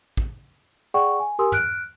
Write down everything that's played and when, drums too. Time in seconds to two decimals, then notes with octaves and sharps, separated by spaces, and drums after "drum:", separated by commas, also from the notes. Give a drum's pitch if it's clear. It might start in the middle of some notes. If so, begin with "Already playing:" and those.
0.17 drum: kick
0.94 G#4 D5 F#5 G5 C#6
1.20 G#5
1.39 G4 A#4 G#5 C6 D#6 E6
1.52 F6 F#6 D7, drum: tom